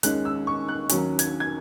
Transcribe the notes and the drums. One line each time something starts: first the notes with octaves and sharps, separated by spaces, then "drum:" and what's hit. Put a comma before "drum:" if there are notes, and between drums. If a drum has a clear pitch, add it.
D#2 D#3 G#3 C#4 F#6, drum: hi-hat
E6
C#6
F#6
D#2 D#3 F#3 C#4, drum: hi-hat
G#6, drum: hi-hat
G#6